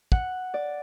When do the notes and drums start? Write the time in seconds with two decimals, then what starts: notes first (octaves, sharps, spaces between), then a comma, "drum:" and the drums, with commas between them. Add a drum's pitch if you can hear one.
0.12 F#5, drum: kick
0.54 D5